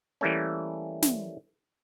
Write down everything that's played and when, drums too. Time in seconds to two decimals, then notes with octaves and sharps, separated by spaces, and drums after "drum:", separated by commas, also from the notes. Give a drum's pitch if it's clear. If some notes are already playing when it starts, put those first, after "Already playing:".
0.21 E3 G3 A3 A#3 C#4
1.02 drum: snare